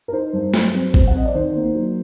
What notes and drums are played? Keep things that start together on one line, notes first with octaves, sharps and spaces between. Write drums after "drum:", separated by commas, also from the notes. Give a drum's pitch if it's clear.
A#4
D#4 C5
G2
F#3, drum: snare
C4
C4, drum: kick A1
F#5
C4 D#5
D5
D#3 C5
A#3
F#3